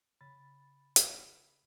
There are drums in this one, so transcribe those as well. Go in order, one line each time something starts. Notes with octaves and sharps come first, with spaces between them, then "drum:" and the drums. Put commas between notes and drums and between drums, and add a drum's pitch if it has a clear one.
C#3 B5 A6
drum: hi-hat